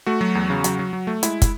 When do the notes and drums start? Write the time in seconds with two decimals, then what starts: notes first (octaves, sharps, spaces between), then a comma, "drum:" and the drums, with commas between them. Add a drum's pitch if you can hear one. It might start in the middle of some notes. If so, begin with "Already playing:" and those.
0.06 A3 F#4
0.21 F#3
0.35 E2
0.50 C#3
0.64 F#3, drum: hi-hat
0.79 F#3
0.93 F#3
1.07 A3
1.23 G#3 E4, drum: hi-hat
1.42 drum: kick, hi-hat